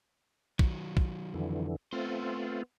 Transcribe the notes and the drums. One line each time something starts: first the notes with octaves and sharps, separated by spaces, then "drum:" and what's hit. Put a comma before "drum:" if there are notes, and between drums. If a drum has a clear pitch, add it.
D#3 F#3, drum: kick
drum: kick
F2 D3 E3
A3 B3 C4 F4 C5